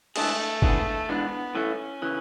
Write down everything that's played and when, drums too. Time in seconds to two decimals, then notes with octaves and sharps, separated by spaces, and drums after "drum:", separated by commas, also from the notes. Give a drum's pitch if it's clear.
0.16 E3 G#3 A3 D4 G#4, drum: cymbal
0.62 G#2 E3 B3 D4 G#4, drum: kick G1
1.09 G#2 E3 G#3 B3 D4
1.55 A2 E3 A3 C#4
2.02 C#3 E3